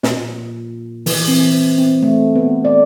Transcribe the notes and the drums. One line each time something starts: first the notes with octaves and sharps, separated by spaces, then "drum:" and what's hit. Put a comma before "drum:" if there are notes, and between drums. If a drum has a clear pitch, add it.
A#2, drum: snare
E3, drum: open hi-hat
C4
C4
A3
B3
D5